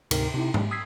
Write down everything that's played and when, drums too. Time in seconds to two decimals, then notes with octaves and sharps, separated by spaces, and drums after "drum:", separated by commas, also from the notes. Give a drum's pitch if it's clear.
0.11 D2 G#2 C3 D#4 A#4, drum: cymbal
0.34 C3 D#4 E4
0.54 G#3, drum: tom G#2
0.71 D#6 E6 G#6 B6 C7